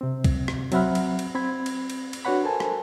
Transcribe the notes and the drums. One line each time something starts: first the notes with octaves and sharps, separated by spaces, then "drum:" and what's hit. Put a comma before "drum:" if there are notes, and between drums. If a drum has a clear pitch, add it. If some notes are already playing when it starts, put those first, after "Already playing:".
C3 C4
drum: kick, cymbal
drum: rim click
F#3 C4 E5 F#5 B5 F6, drum: cymbal
drum: cymbal
drum: cymbal
C4 B5 G#6
drum: cymbal
drum: cymbal
drum: cymbal
D4 F#4 B4 C#5 F#5 B5
A4 A#4 C5 G#5 A5
drum: rim click